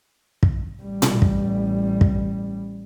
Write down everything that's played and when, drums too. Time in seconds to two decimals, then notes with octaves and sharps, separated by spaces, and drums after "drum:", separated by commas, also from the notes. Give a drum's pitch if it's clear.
0.43 drum: kick
0.82 A1 G3
1.02 drum: tom A#2
1.22 drum: kick
2.01 drum: kick